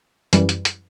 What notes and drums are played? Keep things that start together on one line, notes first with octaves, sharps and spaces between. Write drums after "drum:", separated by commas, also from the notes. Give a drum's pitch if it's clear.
F#2 E3 G3, drum: hi-hat
drum: hi-hat
drum: hi-hat